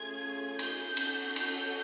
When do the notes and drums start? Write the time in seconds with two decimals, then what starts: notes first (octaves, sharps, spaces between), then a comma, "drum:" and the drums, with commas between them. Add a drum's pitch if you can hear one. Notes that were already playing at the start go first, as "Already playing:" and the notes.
Already playing: A3 C#4 F4 G#4 G#6
0.59 G6, drum: cymbal
0.97 C#4 F#4 A4, drum: cymbal
1.36 G6, drum: cymbal